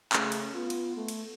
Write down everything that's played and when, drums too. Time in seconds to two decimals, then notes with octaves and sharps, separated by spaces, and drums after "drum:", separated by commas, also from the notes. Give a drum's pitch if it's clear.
0.13 C#3 A3 C#4, drum: clap
0.32 drum: cymbal
0.54 B3 F4
0.70 drum: cymbal
0.96 A3
1.08 drum: cymbal